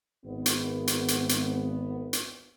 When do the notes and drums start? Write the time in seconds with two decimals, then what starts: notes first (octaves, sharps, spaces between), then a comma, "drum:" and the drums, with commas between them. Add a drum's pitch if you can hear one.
0.25 G#1 B3
0.46 drum: hi-hat
0.87 drum: hi-hat
1.08 drum: hi-hat
1.29 drum: hi-hat
2.13 drum: hi-hat